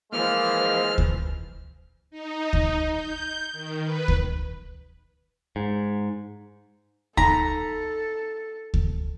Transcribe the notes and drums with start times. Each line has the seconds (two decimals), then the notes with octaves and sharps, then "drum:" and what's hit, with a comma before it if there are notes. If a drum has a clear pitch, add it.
0.13 E3 F3 G#3 A#3 F6
0.98 drum: kick D2
2.11 D#4
2.53 drum: kick D2
2.92 G6
3.53 D#3
3.83 B4
4.08 drum: kick D2
5.56 G#2
7.17 D#4 A4 A#5, drum: kick D2
8.74 drum: kick D2